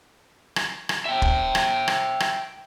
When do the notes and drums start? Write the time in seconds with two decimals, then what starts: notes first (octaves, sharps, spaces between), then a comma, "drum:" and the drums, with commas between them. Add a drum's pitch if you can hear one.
0.56 drum: rim click
0.89 drum: rim click
1.05 E5 G5
1.22 drum: kick
1.55 drum: rim click
1.88 drum: rim click
2.20 drum: rim click